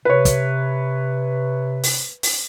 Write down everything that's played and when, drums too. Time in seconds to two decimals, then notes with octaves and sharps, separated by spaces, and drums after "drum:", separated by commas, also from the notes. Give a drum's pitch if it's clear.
0.05 C3 B4 C#5
0.25 drum: kick, hi-hat
1.84 drum: open hi-hat
2.23 drum: open hi-hat